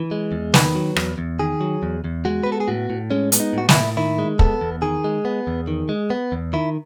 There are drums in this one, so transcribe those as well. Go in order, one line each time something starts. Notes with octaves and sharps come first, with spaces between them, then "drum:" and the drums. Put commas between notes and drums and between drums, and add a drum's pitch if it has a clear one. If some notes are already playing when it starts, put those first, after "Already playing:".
Already playing: E3
G#3
E2
D#3 B4, drum: snare
F#3
E2, drum: rim click
E2
D#3 G#4
F#3
E2
E2
G#3 F#4
B3 B4
A4
G#4
A2 F#4
A2
G#3 C#4
B3, drum: hi-hat
D#4
A2 F#4
E4, drum: snare
A2
D#3 E4
G#3
B3 A4, drum: kick
E2
D#3 G#4
G#3
B3
E2
D#3
G#3
B3
E2
D#3 E4